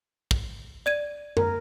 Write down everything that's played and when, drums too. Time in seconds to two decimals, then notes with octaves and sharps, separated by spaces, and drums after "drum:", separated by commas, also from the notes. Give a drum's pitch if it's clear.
0.31 drum: kick
0.86 D5 G#6 D#7
1.37 A#4, drum: tom F#2